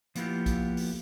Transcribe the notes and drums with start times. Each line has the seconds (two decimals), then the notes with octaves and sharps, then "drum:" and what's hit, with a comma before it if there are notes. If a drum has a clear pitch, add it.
0.15 F3 A#3 B3 E4 F4 G4, drum: hi-hat
0.46 drum: kick, hi-hat
0.77 drum: open hi-hat